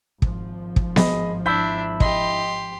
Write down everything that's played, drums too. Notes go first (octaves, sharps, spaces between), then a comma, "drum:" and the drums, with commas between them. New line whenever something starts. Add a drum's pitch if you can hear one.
G#1 F3, drum: kick
drum: kick
G#4 D#5 B5, drum: snare B3
D4 E4 E5 G6 B6
G4 D#5 C6, drum: kick